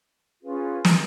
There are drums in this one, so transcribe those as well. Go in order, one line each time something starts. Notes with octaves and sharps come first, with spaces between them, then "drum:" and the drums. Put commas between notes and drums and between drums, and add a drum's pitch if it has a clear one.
C#4 F4 G#4 B4
drum: snare